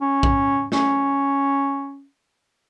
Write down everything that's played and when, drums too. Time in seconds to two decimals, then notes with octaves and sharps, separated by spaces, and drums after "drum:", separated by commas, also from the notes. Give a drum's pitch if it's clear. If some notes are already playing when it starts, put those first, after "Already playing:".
0.01 C#4
0.23 drum: kick A#1
0.72 C#4, drum: snare